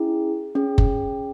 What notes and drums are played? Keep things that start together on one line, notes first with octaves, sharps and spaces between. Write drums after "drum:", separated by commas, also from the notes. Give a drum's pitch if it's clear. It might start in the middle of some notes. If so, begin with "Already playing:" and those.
Already playing: C#4 E4 G#4
C#4 G#4
drum: kick F#1